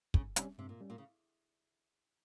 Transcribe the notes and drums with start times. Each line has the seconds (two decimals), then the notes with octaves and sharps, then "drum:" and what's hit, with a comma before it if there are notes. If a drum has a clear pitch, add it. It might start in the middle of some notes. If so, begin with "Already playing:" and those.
0.14 G2 C#3, drum: kick
0.36 C3 G3 C#4, drum: hi-hat
0.59 G2 C3
0.69 A#2
0.81 G3 C#4
0.90 A#2
0.98 C#3